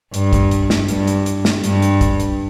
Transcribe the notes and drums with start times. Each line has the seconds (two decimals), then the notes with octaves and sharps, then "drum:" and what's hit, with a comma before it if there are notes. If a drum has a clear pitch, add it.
0.14 G2, drum: hi-hat
0.33 drum: kick, hi-hat
0.51 drum: hi-hat
0.70 drum: snare
0.88 G2, drum: hi-hat
1.07 drum: hi-hat
1.26 drum: hi-hat
1.45 drum: snare
1.64 G2, drum: hi-hat
1.82 drum: hi-hat
2.01 drum: kick, hi-hat
2.20 drum: hi-hat